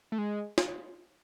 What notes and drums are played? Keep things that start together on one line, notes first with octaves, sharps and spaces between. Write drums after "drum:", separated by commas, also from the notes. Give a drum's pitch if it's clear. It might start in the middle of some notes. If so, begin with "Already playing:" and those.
A3
G#3
drum: snare